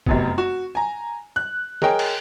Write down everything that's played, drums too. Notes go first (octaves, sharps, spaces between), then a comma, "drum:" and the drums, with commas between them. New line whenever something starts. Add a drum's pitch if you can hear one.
F1 F#2 B3, drum: kick
F#4 E7
G#5 A#5
F#6
G#4 A#4 C#5 D#5 G5, drum: snare
drum: cymbal